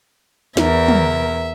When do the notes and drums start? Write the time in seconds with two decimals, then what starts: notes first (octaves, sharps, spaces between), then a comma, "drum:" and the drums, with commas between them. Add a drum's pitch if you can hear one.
0.57 E2 A#4 E5, drum: snare
0.88 drum: tom